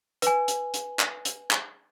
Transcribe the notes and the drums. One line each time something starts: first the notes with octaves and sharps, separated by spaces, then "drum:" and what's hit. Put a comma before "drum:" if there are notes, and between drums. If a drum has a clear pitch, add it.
B4 G#5, drum: hi-hat
drum: hi-hat
drum: hi-hat
drum: clap
drum: hi-hat
drum: clap